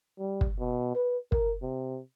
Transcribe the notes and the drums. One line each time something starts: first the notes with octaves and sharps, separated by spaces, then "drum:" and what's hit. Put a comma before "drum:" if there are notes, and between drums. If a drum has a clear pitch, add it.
G3
drum: kick
B2
B4
A#4, drum: kick
C3